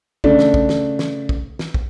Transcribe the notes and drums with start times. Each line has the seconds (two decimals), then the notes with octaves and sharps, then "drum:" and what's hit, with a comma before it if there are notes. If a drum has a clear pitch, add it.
0.24 C#3 A3 D4, drum: kick
0.39 drum: snare
0.54 drum: kick
0.69 drum: snare
0.99 drum: snare
1.29 drum: kick
1.59 drum: snare
1.74 drum: kick